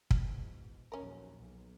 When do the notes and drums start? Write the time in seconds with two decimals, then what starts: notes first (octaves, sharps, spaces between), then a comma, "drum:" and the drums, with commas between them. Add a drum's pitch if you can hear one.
0.11 E2 G#2 B2, drum: kick
0.92 A#1 D#2 F#3 C#4 A#4
1.38 B1